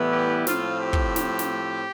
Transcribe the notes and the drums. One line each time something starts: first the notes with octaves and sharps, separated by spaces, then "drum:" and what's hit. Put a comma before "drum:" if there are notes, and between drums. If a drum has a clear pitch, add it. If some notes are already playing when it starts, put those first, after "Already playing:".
Already playing: A2 E3 G3 B3 E4
G4
A2 F3 C4 F4, drum: snare
G4
drum: kick
drum: snare
drum: snare